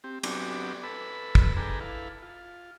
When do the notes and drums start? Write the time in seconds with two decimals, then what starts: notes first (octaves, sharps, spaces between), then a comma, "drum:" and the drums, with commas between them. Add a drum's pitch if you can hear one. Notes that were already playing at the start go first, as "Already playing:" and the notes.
0.04 C4 G4
0.23 F#3 B3 C4 D4 G4 D5, drum: cymbal
0.83 A4 B4 B5 E6
1.35 drum: kick
1.57 D4 G#4 A4 B4 G5 A#5
1.80 E4 A4 B4 F5
2.22 F4